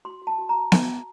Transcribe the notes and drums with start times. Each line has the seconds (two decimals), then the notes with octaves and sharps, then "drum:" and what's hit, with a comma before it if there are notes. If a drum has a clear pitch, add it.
0.05 F#4 C6
0.22 F#4
0.27 A5
0.38 F#4
0.49 A#5
0.55 F#4
0.72 drum: snare B3